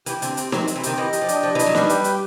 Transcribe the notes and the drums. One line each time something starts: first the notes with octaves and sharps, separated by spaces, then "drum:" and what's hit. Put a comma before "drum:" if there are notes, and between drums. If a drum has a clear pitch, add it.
E3 G4, drum: hi-hat
D3 C4, drum: hi-hat
C4, drum: hi-hat
F#3 C4, drum: snare
C4, drum: hi-hat
E3
D#3 G4, drum: hi-hat
E3 D#5
G4, drum: hi-hat
F3
D4, drum: hi-hat
F3 D#5
E3
D4, drum: hi-hat
F#3
G3 B4, drum: snare
G4, drum: hi-hat
G4, drum: hi-hat